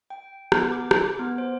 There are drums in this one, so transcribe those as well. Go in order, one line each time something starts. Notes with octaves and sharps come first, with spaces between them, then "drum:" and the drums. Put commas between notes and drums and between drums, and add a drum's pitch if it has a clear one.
G5
B3, drum: rim click
D6
drum: rim click
D6
B3
C5